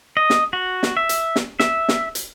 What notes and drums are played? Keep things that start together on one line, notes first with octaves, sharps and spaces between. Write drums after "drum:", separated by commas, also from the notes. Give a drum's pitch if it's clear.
D#5
drum: snare
F#4
drum: snare
E5
drum: hi-hat
drum: snare
E5, drum: snare
drum: snare
drum: hi-hat